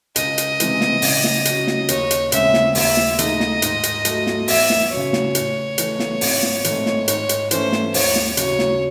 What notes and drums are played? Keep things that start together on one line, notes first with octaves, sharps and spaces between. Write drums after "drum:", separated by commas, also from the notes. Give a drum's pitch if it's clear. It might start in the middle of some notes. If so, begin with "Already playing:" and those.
C#2 D#5, drum: hi-hat
drum: hi-hat
C3 E3 G#3, drum: hi-hat
drum: snare
C#3, drum: open hi-hat
drum: snare
F#3 C#4, drum: hi-hat
drum: snare
D#2 C#5, drum: hi-hat
drum: hi-hat
C#3 G#3 C4 E5, drum: hi-hat
drum: snare
D#2 E5, drum: open hi-hat
drum: snare
D#3 A3 D#4 G#4 D#5, drum: hi-hat
drum: snare
G#2, drum: hi-hat
drum: hi-hat
F#3 A3, drum: hi-hat
drum: snare
E2 E5, drum: open hi-hat
drum: snare
F#3 C#5
C#3
drum: snare
A2, drum: hi-hat
E3 A3, drum: hi-hat
drum: snare
G#1, drum: open hi-hat
drum: snare
G#2 D#3 A3 C4, drum: hi-hat
drum: snare
G#2 C#5, drum: hi-hat
drum: hi-hat
E3 A3 C#4 C5, drum: hi-hat
drum: snare
D#2 C#5, drum: open hi-hat
drum: snare
C#3 F#3 C#5, drum: hi-hat
drum: snare